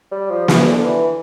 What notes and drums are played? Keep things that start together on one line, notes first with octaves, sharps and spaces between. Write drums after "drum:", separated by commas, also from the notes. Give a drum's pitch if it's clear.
G3
F3
E3, drum: snare
D3
E3